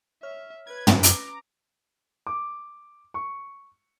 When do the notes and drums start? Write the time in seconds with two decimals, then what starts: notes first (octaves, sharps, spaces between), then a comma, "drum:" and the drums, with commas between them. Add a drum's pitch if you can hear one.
0.23 C#5 E5 F6
0.67 B4 G#6
0.87 drum: tom
1.03 C#4 A#5 D6, drum: hi-hat
2.27 D6
3.14 C#6